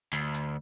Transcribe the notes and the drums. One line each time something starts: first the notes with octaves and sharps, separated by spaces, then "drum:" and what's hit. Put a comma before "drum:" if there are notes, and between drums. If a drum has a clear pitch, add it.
D2, drum: hi-hat
drum: hi-hat